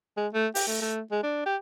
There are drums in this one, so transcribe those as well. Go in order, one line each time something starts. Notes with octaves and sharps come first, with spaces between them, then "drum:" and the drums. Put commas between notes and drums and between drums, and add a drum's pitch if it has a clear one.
G#3
A3
G4, drum: open hi-hat
A3
A3
G#3
D4
G4